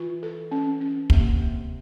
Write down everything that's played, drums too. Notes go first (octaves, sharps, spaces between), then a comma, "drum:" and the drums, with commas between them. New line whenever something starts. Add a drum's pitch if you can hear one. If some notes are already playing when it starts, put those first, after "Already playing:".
Already playing: E3 F4
A4
C#4
C#4
C3 A#3, drum: kick
A#3